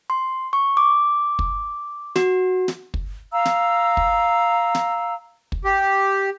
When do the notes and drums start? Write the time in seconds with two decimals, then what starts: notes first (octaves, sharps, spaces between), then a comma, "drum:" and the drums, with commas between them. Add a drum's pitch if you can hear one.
0.10 C6
0.53 C#6
0.77 D6
1.39 drum: kick
2.16 F#4, drum: snare
2.68 drum: snare
2.94 drum: kick
3.32 F5 A#5 E6
3.45 drum: snare
3.97 drum: kick
4.75 drum: snare
5.52 drum: kick
5.64 G4